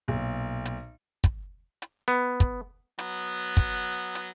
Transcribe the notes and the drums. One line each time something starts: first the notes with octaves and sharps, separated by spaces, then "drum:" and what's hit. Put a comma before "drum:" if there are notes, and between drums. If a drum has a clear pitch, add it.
B1 A#2
drum: hi-hat
drum: kick, hi-hat
drum: hi-hat
B3
drum: kick, hi-hat
F#3 B3, drum: hi-hat
drum: kick, hi-hat
drum: hi-hat